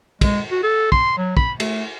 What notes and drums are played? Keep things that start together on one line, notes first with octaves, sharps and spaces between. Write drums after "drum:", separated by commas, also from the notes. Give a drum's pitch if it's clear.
G#3, drum: kick, cymbal
F#4
A4
C6, drum: kick
F#3
B5, drum: kick
A3, drum: cymbal